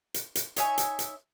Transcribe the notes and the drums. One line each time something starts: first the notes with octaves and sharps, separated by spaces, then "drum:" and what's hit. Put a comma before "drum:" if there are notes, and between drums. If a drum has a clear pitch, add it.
drum: hi-hat
drum: hi-hat
D#4 C#5 E5 G#5, drum: hi-hat
drum: hi-hat
drum: hi-hat